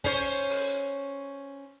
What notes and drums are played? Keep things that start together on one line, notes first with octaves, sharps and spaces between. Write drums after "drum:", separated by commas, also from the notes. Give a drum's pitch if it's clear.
C#4 C5 C#5, drum: kick
drum: open hi-hat